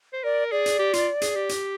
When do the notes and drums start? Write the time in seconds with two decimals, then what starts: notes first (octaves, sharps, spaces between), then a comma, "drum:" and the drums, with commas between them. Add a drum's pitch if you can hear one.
0.13 C5
0.24 A#4 D5
0.52 G#4 D5
0.66 drum: hi-hat
0.79 G4
0.93 F4, drum: hi-hat
1.21 G#4, drum: hi-hat
1.35 G4
1.49 drum: hi-hat